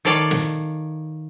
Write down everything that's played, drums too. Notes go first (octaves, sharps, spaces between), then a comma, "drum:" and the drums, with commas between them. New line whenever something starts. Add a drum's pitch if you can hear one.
D#3 A4 C#5 D5 F5
drum: snare